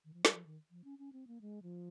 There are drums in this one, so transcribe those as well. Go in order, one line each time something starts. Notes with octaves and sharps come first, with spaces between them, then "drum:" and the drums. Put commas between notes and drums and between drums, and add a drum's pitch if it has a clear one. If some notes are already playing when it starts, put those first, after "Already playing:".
D#3
F3
G3, drum: snare
F3
D#3
F3
C#4
C#4
C4
A#3
G#3
F3